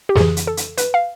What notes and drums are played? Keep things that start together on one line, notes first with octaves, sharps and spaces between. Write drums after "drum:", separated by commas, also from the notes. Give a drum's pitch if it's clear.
G4
F2 C#3 E3 G#4, drum: snare
drum: hi-hat
A4
drum: hi-hat
B4, drum: hi-hat
F5